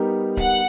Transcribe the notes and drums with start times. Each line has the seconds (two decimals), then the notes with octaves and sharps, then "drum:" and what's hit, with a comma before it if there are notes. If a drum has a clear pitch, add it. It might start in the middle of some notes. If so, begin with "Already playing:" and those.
Already playing: G3 B3 D#4 G4 A#4
0.37 F#5, drum: kick C#1